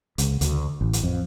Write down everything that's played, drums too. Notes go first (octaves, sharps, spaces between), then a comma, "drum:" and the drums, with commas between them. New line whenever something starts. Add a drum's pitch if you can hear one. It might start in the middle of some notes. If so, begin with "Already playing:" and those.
C#2, drum: hi-hat
D2, drum: hi-hat
A1
drum: hi-hat
F2